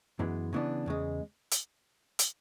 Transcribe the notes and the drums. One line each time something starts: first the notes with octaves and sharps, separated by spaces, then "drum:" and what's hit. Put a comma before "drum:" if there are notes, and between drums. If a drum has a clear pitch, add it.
F#2 E3 G#3 B3
C#3 E3 B3 D4
E2 C#3 G#3
drum: hi-hat
drum: hi-hat